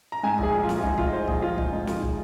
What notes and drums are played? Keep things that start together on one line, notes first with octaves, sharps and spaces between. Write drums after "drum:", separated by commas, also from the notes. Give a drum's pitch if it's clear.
A#5
G#2 G#5
A#1 G#4, drum: kick
A#1
F4
A#1, drum: snare
F4
G#2 D#4, drum: kick
A#1 F4, drum: kick
D#5
A#1 C5
A#1 G#4, drum: kick
F3 F4
A#1 D#4, drum: kick
G#2 D#4
F3 F4, drum: snare
drum: kick